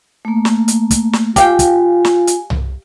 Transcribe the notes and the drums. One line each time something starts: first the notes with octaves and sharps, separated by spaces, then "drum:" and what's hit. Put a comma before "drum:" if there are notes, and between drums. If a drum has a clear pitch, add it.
A3 A#3
drum: snare
drum: hi-hat
drum: kick, hi-hat
drum: snare
F4 G4 F5 G5 G#5, drum: kick, hi-hat
drum: kick, hi-hat
drum: snare
drum: hi-hat
drum: tom C2